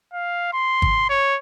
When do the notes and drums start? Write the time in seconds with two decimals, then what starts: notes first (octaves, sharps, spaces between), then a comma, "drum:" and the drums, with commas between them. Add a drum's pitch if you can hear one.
0.14 F5
0.53 C6
0.82 drum: kick
1.10 C#5